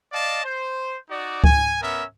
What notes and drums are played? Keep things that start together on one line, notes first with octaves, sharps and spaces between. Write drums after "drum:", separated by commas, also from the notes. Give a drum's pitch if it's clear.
D5 D#5 F5 A5
C5
D#4 F#4 D5
G#5, drum: kick C#2
B3 C#4 A#4 E5